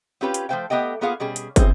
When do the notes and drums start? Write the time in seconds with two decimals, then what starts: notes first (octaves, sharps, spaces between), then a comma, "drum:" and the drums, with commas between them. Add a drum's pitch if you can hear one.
0.21 C4 C#4 F4 G4 B4 C#5
0.34 drum: hi-hat
0.49 F3 A3 E4 C5 F5 G5
0.70 A3 B3 G4 D#5 G5
1.01 A#3 B3 F4 G#4 F5 F#5
1.20 B2 G3 C#4 G#4
1.36 drum: hi-hat
1.56 E3 C4 G#4 C5, drum: kick, hi-hat